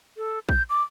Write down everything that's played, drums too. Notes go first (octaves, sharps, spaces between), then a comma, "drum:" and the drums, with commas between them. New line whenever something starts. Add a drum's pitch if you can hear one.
A4
G6, drum: kick A#1
D6